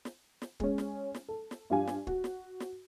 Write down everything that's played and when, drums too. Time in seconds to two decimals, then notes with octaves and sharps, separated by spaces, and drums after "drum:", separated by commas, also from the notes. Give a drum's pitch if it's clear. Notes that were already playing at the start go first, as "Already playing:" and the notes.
0.05 drum: snare
0.42 drum: snare
0.60 G#3 C#4, drum: kick
0.78 drum: snare
1.15 drum: snare
1.28 A4
1.51 drum: snare
1.70 G2 F4 G4 F5 G#5
1.87 drum: snare
2.07 F#4, drum: kick
2.24 drum: snare
2.60 drum: snare